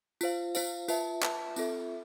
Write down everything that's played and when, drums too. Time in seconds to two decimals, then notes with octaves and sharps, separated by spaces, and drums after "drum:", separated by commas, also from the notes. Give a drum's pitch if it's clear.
0.21 F4 C5 F5, drum: tambourine
0.55 F4 C5 F5, drum: tambourine
0.88 F4 B4 E5 A5, drum: tambourine
1.23 F4 B4 E5 A5, drum: clap
1.56 C4 F4 A4 E5, drum: tambourine